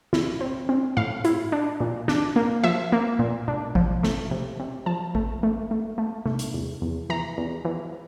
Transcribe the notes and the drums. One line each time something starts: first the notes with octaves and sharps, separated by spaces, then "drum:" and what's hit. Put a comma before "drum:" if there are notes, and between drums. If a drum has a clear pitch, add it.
E4, drum: snare
C4
C4
A2 F5
E4, drum: hi-hat
D4
A#2
D4, drum: snare
A#3
F3 E5
A#3
A#2
D4, drum: tom B2
F3, drum: kick A1
A3, drum: snare
C3
C3
F3 A5
A3, drum: kick A1
A3
A3
A3
A3, drum: tom C3
drum: hi-hat
E2
E2
E3 A#5
E2
E3